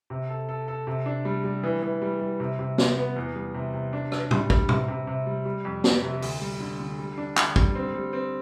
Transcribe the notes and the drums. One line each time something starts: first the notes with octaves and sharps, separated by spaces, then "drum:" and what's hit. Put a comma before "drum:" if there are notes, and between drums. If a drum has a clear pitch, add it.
C3
A4
A4
A4
C3
D4
G3
G3
E3
E3
G3
G3
C3
C3
C3, drum: snare
B3
E2
G3
C3
C3
D4
D4, drum: rim click
G3, drum: tom
G3, drum: kick
C3, drum: tom
C3
C3
G3
G3
F2
G3, drum: snare
C3
D2, drum: open hi-hat
G3
D3
D3
G3
D4
D3, drum: clap
G3, drum: kick
C4
G3
C4